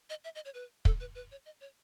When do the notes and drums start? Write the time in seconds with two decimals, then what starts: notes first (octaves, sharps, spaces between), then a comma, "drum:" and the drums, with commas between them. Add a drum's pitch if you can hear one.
0.10 D#5
0.24 E5
0.35 D#5
0.45 C#5
0.54 B4
0.85 A4, drum: kick
1.00 B4
1.15 B4
1.31 C#5
1.46 D#5
1.60 C#5